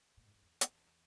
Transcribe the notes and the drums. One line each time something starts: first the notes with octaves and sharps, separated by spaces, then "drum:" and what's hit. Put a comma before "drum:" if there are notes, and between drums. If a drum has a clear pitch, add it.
A#2
G#2
G2
E2
drum: hi-hat